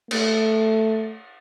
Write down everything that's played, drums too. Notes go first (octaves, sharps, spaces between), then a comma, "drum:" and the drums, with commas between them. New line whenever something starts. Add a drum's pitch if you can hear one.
A3, drum: cymbal